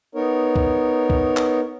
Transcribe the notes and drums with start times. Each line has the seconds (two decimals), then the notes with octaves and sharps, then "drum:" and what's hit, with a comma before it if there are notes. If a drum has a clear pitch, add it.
0.15 B3 D#4 A#4 C#5
0.56 drum: kick C2
1.10 drum: kick C2
1.37 drum: clap